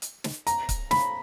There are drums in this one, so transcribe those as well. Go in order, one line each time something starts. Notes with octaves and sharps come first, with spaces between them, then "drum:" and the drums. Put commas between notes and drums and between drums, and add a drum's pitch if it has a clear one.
drum: hi-hat
drum: snare
A#5, drum: hi-hat
drum: kick C#1, hi-hat
B5, drum: snare